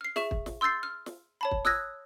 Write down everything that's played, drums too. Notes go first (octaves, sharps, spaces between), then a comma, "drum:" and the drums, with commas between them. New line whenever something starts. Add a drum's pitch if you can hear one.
F6 C7
G#4 E5 C#6 E7, drum: snare
drum: kick
drum: snare
C6 E6 G6 A6 C7
F6
drum: snare
C#5 A5 B5
drum: kick
D#6 E6 F#6 G#6 A#6, drum: snare